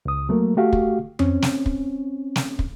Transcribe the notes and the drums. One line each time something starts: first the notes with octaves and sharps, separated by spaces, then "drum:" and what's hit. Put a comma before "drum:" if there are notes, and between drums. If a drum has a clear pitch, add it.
C#2 D#6
F#3 A3 A#3 A#4
A3 F#4 G4 F5
drum: kick
C4 C#4, drum: tom F2
drum: snare
drum: kick
drum: snare
drum: kick